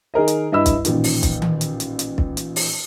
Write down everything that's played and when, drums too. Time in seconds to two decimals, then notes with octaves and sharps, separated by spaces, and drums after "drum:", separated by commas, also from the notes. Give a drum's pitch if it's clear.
0.14 D#3 G#4 A#4 D#5
0.28 drum: hi-hat
0.52 G2 E4 D#5 B5 E6
0.66 drum: kick, hi-hat
0.85 A1 A#2 D#3, drum: hi-hat
1.04 drum: open hi-hat
1.23 drum: kick, hi-hat
1.42 drum: tom D#3
1.61 drum: hi-hat
1.80 drum: hi-hat
1.99 drum: hi-hat
2.18 drum: kick
2.37 drum: hi-hat
2.56 drum: open hi-hat